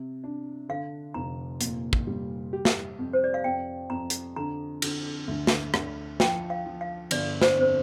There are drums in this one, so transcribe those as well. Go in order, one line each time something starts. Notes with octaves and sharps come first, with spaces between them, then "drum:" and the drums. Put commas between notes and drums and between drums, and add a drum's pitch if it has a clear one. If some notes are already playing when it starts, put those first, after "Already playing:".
Already playing: C3
D4
D3 F5
F1 A#5
A#2, drum: hi-hat
drum: kick
G3
G4
drum: snare
F2
C5
D5
F5
F2 G5
F2 A#5
drum: hi-hat
D3 A#5
D3, drum: cymbal
D2
drum: snare
D2, drum: rim click
F3 G5, drum: snare
F5
F3
F5
G1 D5, drum: cymbal
C5, drum: snare
F2 C5